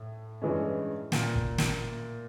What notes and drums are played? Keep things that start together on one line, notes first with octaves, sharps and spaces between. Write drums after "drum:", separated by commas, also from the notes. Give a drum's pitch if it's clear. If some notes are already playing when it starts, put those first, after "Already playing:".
Already playing: A2
G2 E3 G#3 C#4
A#2, drum: snare
drum: kick
drum: snare